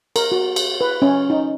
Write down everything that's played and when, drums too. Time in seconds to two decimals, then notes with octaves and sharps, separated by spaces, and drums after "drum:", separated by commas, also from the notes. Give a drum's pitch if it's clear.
0.16 A#4, drum: cymbal
0.32 F#4
0.56 drum: cymbal
0.81 B4
1.02 C#4
1.30 D#4